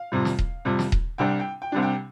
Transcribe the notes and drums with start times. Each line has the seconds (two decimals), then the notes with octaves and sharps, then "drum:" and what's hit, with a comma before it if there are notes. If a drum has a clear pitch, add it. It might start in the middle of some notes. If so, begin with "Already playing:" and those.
Already playing: F5
0.12 F2 C3 G3
0.25 drum: snare
0.39 drum: kick D#1
0.65 F2 C3 G3
0.79 drum: snare
0.92 drum: kick D#1
1.18 C2 C3 G3 D4 G5
1.40 G5
1.62 G5
1.72 C2 C3 G3 D4
1.83 G5